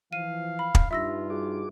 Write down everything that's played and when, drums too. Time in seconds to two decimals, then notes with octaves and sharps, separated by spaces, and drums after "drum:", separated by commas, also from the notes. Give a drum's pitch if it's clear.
0.13 E3 F3 F5 D#7
0.59 B5
0.75 drum: kick
0.91 G2 D#4 F4 E5 E6 A#6
1.30 F#4 G#4 D6